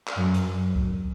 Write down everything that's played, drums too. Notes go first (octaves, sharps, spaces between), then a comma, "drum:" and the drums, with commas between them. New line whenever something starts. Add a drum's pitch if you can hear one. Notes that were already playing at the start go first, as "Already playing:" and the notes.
drum: clap
F#2
drum: hi-hat
drum: kick C2